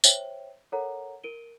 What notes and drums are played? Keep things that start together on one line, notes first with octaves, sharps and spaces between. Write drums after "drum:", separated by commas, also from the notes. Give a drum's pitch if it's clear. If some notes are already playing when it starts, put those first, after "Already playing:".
C5 C#5 E5 G5, drum: tambourine
A4 A#4 C#5 F#5 A#5
A#4 D7 D#7 G7